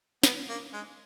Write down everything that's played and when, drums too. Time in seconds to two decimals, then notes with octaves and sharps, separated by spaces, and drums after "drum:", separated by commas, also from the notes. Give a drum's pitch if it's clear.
0.23 B3, drum: snare
0.49 A#3
0.73 G#3